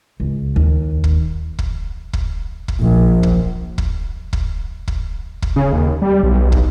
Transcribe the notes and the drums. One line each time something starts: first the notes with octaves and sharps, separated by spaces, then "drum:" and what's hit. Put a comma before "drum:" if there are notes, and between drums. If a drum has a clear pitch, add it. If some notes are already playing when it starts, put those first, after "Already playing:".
C#2
D#2
drum: kick
drum: kick
drum: kick
drum: kick
A#1
drum: kick
drum: kick
drum: kick
drum: kick
drum: kick
C#3
D#2
G3
B1
drum: kick